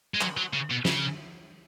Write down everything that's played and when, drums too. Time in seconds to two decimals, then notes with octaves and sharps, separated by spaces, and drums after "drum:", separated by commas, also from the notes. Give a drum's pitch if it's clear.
0.14 G#3
0.21 F#3, drum: clap
0.37 F#3
0.53 C#3
0.70 B2
0.85 C#3, drum: snare